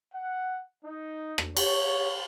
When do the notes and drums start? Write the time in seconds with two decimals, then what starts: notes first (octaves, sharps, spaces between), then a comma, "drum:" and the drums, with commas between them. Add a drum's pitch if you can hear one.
0.14 F#5
0.84 D#4
1.38 drum: rim click
1.57 C#5, drum: cymbal